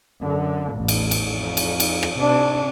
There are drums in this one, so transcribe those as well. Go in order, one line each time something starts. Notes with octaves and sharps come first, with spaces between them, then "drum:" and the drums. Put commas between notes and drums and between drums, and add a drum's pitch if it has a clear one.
F#2 D3
A1 E2
drum: cymbal
drum: cymbal
F2
drum: cymbal
drum: cymbal
drum: rim click
C3 D4